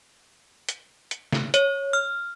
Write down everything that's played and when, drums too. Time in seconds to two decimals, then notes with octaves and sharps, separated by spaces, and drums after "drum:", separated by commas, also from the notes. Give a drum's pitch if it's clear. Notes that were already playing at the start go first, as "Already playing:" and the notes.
0.69 drum: hi-hat
1.11 drum: hi-hat
1.33 drum: snare
1.54 C#5, drum: hi-hat
1.93 F6